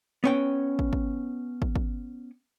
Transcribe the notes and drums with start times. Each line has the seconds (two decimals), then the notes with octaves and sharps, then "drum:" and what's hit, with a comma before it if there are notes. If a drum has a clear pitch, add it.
0.24 B3 C#4 G5
0.79 drum: kick
0.93 drum: kick
1.62 drum: kick
1.76 drum: kick